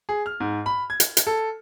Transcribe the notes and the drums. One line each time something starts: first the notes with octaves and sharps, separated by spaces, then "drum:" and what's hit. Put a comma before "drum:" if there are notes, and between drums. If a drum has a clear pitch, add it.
G#4
F6
G#2
B5
G#6
drum: hi-hat
drum: hi-hat
A4